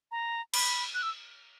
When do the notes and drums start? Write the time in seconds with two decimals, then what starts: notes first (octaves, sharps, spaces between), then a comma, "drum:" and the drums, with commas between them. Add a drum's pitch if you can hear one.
0.11 A#5
0.54 B5, drum: cymbal
0.94 F#6
1.03 E6